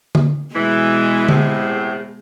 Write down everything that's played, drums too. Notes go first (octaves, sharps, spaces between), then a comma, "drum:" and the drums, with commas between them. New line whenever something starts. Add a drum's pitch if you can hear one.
drum: tom D3
B2 E3 G#3
E2 A2 C3, drum: tom D3